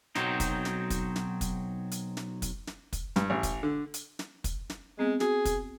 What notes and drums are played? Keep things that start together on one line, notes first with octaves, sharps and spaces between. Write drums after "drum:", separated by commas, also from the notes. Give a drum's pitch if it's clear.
B1 F#3 C4 D#4, drum: snare
drum: kick, hi-hat
drum: snare
drum: kick, hi-hat
drum: snare
drum: kick, hi-hat
drum: hi-hat
drum: snare
drum: kick, hi-hat
drum: snare
drum: kick, hi-hat
G2, drum: snare
A1
drum: kick, hi-hat
D3
drum: hi-hat
drum: snare
drum: kick, hi-hat
drum: snare
G#3 B3 C4
F#4 G#4, drum: snare
drum: kick, hi-hat